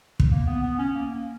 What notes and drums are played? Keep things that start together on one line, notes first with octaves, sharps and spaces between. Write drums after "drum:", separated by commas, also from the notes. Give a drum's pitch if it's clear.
drum: kick
A#3
B3
B3
C#4
A#3